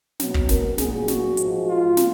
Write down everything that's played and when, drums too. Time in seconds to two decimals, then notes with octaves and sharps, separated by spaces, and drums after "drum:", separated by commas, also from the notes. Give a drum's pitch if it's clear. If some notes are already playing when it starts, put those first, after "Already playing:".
0.20 B2 F#3, drum: snare
0.34 drum: kick
0.49 A#4, drum: snare
0.78 A#2 F#3 G#4, drum: snare
1.08 F#4, drum: snare
1.37 G#2 F3 G#3, drum: hi-hat
1.67 F4
1.97 drum: snare